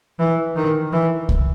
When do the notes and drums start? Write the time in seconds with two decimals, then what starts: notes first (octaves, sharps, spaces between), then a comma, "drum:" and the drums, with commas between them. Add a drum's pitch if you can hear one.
0.19 E3
0.56 D#3
0.92 E3
1.29 drum: kick C2